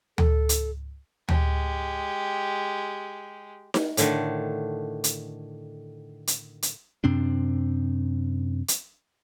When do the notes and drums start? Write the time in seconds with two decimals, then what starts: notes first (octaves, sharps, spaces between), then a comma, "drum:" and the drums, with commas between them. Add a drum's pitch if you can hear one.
0.18 A4, drum: tom D2
0.49 drum: hi-hat
1.29 G#3 G4, drum: tom D2
3.74 drum: snare D#4
3.97 A2 D3 D#3 A3, drum: hi-hat
5.04 drum: hi-hat
6.27 drum: hi-hat
6.62 drum: hi-hat
7.04 F#2 C3 C4 D4
8.68 drum: hi-hat